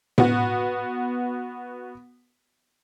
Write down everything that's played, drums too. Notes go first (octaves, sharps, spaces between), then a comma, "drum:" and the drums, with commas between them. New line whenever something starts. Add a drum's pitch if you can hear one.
B3 F#4, drum: tom A2